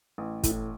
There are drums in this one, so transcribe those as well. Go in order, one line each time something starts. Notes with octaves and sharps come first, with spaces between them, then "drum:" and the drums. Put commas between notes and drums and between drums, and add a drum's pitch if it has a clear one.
A1
A2 E4, drum: kick, hi-hat